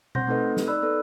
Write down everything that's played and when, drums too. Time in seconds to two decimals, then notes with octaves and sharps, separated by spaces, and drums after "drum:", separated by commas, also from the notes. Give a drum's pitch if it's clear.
0.15 C4 C5 F#5 C6 G6 A#6, drum: tom B2
0.27 A3 C4 D#4 A4 B4 D#5
0.57 drum: snare
0.67 D#4 D5 B5 E6 F#6
0.82 B3 A4 B4